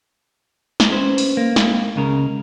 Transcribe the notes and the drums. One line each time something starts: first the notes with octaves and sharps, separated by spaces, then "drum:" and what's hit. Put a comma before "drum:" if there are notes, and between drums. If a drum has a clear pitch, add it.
drum: snare
C#4 B4 C5
drum: open hi-hat
A#3
drum: snare
C#2 C#3 A#4